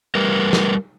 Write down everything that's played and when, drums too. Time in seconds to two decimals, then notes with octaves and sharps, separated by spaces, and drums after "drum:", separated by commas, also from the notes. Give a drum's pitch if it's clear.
0.15 G3 A#4 B4
0.53 drum: snare